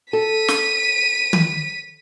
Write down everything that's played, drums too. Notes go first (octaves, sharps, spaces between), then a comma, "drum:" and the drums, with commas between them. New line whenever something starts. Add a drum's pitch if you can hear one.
A4 B6 D#7
drum: snare
drum: tom